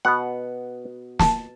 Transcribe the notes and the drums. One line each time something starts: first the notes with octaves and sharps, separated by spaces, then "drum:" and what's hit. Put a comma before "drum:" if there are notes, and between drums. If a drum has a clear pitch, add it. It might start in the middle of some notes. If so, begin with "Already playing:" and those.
B2 B3 F#5
A5, drum: snare